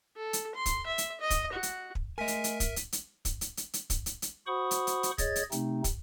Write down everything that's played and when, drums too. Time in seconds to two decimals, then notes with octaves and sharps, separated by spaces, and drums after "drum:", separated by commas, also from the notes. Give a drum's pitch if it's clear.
0.16 A4
0.33 drum: hi-hat
0.55 C6
0.66 drum: kick, hi-hat
0.86 E5
0.98 drum: hi-hat
1.20 D#5
1.30 drum: kick, hi-hat
1.53 F#4
1.63 drum: hi-hat
1.95 drum: kick
2.18 A3 A#4 D#5 E5 G#5 B6 D#7
2.28 drum: hi-hat
2.44 drum: hi-hat
2.60 drum: kick, hi-hat
2.76 drum: hi-hat
2.92 drum: hi-hat
3.25 drum: kick, hi-hat
3.41 drum: hi-hat
3.57 drum: hi-hat
3.74 drum: hi-hat
3.90 drum: kick, hi-hat
4.06 drum: hi-hat
4.22 drum: hi-hat
4.47 F#4 C5 F#5 B5 C#6 D#6
4.71 drum: hi-hat
4.87 drum: hi-hat
5.03 drum: hi-hat
5.18 G#4 C#5 D#5 G#6 A6, drum: kick, hi-hat
5.36 drum: hi-hat
5.52 C3 A3 C4 D#4, drum: hi-hat
5.84 drum: kick, hi-hat